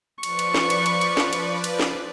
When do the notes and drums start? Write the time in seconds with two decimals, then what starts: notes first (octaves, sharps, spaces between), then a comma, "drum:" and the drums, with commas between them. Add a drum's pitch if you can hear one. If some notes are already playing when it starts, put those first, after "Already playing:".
0.23 F3 B4 D5 C#6, drum: cymbal
0.39 drum: cymbal
0.54 drum: snare
0.70 drum: cymbal
0.86 drum: cymbal
1.01 drum: cymbal
1.17 drum: snare
1.33 drum: cymbal
1.64 drum: cymbal
1.80 drum: snare